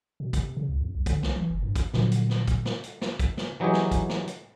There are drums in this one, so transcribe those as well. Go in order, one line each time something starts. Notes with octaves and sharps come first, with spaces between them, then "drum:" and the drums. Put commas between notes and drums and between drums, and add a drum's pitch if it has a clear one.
B2
C3, drum: kick, hi-hat
C#3
C#2
F2
B1
D3, drum: kick, hi-hat
B1, drum: snare
E3
F#1
G2
drum: kick, hi-hat
A#2 D3 F3 F#3, drum: snare
drum: hi-hat
drum: snare
drum: kick, hi-hat
drum: snare
drum: hi-hat
drum: snare
drum: kick, hi-hat
drum: snare
E3 F#3 D#4 G4 G#4 C#5
drum: snare
drum: kick, hi-hat
drum: snare
drum: hi-hat